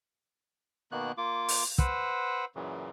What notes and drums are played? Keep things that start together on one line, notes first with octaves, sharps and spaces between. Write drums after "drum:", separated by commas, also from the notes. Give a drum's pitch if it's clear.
B2 D#3 A#3 B3 F#6
A#3 F4 D6
drum: open hi-hat
B4 C5 F#5 E6, drum: kick
F#2 A#2 C#3 E3 F#3